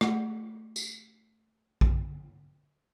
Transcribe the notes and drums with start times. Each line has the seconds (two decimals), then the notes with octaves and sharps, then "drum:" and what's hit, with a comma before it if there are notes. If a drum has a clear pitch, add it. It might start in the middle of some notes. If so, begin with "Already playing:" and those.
0.01 A3 F#5, drum: rim click
0.76 drum: tambourine
1.81 drum: kick A#1